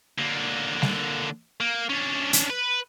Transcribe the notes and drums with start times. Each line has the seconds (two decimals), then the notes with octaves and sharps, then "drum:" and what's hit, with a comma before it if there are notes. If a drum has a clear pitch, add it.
0.18 D3 A#3
0.82 drum: snare G3
1.60 A#3
1.89 C#4 D4
2.33 drum: hi-hat
2.50 B4